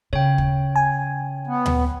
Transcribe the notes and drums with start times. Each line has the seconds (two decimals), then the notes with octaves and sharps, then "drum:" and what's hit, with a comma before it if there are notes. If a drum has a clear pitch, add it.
0.13 C#3 C#5 G5
0.38 drum: kick
0.76 G#5
1.47 B3
1.66 drum: tom D2